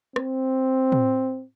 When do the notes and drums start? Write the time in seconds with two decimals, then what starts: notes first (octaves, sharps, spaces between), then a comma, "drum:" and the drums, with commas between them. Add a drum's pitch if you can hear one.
0.16 C4, drum: rim click
0.92 drum: tom